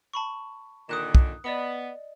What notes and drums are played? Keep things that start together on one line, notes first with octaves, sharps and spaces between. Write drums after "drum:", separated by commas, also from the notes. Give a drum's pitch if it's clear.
A5 B5 C#6
A#2 D3 D#3 D#6 F#6 E7
drum: kick
B3 D5 D#5 C#7